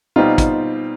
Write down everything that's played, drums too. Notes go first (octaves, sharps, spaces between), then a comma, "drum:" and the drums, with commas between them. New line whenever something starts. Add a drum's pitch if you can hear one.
B2 G3 C4 D#4 F4
drum: kick, hi-hat